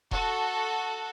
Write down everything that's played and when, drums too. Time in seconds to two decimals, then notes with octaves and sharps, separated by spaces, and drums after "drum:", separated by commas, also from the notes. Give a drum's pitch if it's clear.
0.11 F#4 A4, drum: kick E1